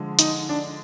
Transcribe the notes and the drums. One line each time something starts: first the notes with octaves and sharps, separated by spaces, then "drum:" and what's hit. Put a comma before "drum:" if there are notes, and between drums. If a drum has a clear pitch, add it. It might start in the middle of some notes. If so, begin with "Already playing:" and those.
Already playing: D3 F3 G#3
D#4, drum: hi-hat
D4